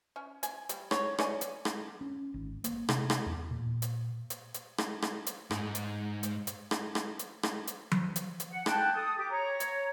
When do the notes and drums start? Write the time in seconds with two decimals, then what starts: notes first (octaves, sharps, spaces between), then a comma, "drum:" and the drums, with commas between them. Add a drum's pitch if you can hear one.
0.16 C#4
0.43 G#5, drum: hi-hat
0.69 G3, drum: hi-hat
0.91 C#5, drum: rim click
1.18 C#5 D5 G#5, drum: rim click
1.41 drum: hi-hat
1.65 drum: rim click
2.01 C#4
2.34 G#1
2.64 A#3, drum: hi-hat
2.89 C3, drum: rim click
3.10 drum: rim click
3.26 E2
3.51 A#2
3.82 drum: hi-hat
4.30 drum: hi-hat
4.54 drum: hi-hat
4.78 drum: rim click
5.02 drum: rim click
5.27 drum: hi-hat
5.51 G#2, drum: rim click
5.75 drum: hi-hat
6.23 drum: hi-hat
6.47 drum: hi-hat
6.71 drum: rim click
6.95 drum: rim click
7.19 drum: hi-hat
7.43 drum: rim click
7.67 drum: hi-hat
7.91 drum: tom F3
8.16 drum: hi-hat
8.40 drum: hi-hat
8.50 F#5
8.66 G5 A5 F#6, drum: rim click
8.94 A4 D#6
9.18 G4 D6
9.30 C#5 A#5
9.60 drum: hi-hat